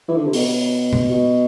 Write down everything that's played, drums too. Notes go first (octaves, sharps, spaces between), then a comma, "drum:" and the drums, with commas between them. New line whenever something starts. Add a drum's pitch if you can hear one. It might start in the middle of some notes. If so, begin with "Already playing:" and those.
E3
D3
C3
B2, drum: open hi-hat
drum: tom
B2